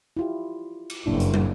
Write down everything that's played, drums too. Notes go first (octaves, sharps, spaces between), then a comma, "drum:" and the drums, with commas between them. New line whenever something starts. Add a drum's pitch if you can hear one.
E4 F4 G4
drum: cymbal
F#1 G2 A#3 D4 E4
drum: hi-hat
drum: tom